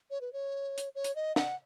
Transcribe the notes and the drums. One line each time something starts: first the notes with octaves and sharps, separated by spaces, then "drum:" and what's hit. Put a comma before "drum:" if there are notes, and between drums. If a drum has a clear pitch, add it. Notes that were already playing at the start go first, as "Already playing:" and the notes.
C#5
B4
C#5
drum: hi-hat
C#5
drum: hi-hat
D#5
F#5, drum: snare